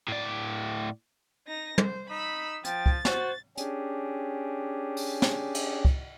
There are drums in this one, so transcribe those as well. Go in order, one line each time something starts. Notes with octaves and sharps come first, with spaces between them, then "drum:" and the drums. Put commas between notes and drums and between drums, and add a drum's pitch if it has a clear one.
A2 D5
D#4 A#6
C5, drum: tom
D#4 B5 E6
F3 G5 A6, drum: hi-hat
drum: kick
F#4 C5, drum: snare
C#4 D4 G4 G#4, drum: hi-hat
drum: open hi-hat
drum: snare
drum: cymbal
drum: kick